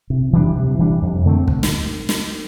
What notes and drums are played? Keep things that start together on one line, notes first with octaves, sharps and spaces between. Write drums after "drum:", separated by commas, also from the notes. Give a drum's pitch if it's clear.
C3
E3 G3 D4
C3
E3 G3 D4
F2
D3 A3 C4
drum: kick
drum: snare
drum: snare